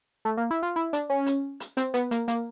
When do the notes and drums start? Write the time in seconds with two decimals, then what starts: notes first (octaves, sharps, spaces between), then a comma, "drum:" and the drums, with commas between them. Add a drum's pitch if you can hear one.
0.25 A3
0.37 A#3
0.51 E4
0.63 F4
0.76 E4
0.93 D4, drum: hi-hat
1.10 C#4
1.26 drum: hi-hat
1.60 drum: hi-hat
1.77 C4, drum: hi-hat
1.94 B3, drum: hi-hat
2.11 A#3, drum: hi-hat
2.28 A#3, drum: hi-hat